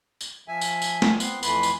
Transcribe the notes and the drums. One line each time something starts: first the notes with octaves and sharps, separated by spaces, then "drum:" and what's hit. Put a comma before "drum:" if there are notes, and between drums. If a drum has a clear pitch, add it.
drum: tambourine
F3 E5 G#5
drum: tambourine
drum: tambourine
drum: snare
B3 C4 C6 F#6, drum: tambourine
F2 E3 A3 B4 B5 C6, drum: tambourine
drum: tambourine